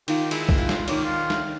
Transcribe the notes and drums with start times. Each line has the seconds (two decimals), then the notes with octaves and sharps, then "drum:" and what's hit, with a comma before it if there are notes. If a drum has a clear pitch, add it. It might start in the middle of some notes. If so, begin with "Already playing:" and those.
0.08 D#3 F4 G4, drum: cymbal
0.31 G#3 E4, drum: cymbal
0.49 drum: kick
0.58 F4
0.69 drum: snare
0.88 D#3 A#3 C#5 D5, drum: cymbal
1.05 F4
1.30 drum: snare